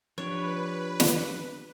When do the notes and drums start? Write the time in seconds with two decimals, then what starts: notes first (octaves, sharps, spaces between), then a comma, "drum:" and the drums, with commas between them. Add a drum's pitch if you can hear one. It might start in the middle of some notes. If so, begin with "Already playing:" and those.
0.18 F3 D4 G4 B4 C#5
1.00 drum: snare